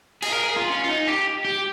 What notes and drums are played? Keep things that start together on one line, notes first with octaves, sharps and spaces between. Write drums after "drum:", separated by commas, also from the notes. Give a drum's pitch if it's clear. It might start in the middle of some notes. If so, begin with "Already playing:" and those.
G#4, drum: cymbal
A#4
G#4
F4
C#4
F4
D#4
G4
G4